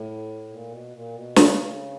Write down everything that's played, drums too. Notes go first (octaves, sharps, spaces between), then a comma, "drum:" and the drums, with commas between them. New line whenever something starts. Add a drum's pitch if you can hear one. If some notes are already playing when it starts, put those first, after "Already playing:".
Already playing: A2
A#2
B2
A#2
B2
C#3, drum: snare